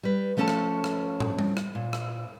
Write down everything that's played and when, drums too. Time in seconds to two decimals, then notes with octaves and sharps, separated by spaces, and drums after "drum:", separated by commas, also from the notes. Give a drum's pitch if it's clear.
0.03 G3 B4
0.37 F3 A3 C#4 A4 C#5 A5
0.48 drum: rim click
0.84 drum: rim click
1.20 drum: tom
1.39 drum: tom G3
1.57 drum: rim click
1.75 A#2
1.93 drum: rim click